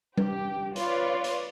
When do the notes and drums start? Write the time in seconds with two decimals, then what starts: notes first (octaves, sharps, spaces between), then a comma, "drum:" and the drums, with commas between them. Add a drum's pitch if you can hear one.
0.18 G4, drum: tom G3
0.76 F4 B4 C#5 D5, drum: hi-hat
1.24 drum: hi-hat